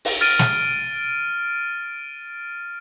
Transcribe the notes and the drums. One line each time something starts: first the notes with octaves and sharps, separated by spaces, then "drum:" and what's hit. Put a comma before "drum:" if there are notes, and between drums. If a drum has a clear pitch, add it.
drum: open hi-hat
F6 A6 D7 D#7
drum: snare